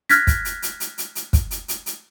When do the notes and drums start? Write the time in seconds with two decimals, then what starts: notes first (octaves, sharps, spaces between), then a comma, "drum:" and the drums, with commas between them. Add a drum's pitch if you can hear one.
0.09 F6 F#6 G#6 A#6 B6, drum: hi-hat
0.27 drum: kick, hi-hat
0.45 drum: hi-hat
0.62 drum: hi-hat
0.80 drum: hi-hat
0.98 drum: hi-hat
1.15 drum: hi-hat
1.33 drum: kick, hi-hat
1.51 drum: hi-hat
1.68 drum: hi-hat
1.86 drum: hi-hat